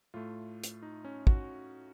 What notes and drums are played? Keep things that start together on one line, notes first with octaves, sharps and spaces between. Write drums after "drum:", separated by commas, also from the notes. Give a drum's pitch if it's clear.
A2 A3 F4
drum: hi-hat
D#4
C#4
F#4, drum: kick